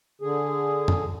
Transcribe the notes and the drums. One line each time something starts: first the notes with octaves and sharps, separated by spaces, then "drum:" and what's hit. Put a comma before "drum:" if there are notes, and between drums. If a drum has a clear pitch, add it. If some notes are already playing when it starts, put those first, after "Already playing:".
D3 G#4
drum: tom F2